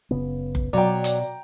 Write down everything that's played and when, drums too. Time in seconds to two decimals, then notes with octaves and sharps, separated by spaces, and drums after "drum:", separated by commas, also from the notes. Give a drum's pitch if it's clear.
0.11 F#1 C#3 B3
0.55 drum: kick F#1
0.73 B2 F#3 D5 G5 A#5
1.04 drum: hi-hat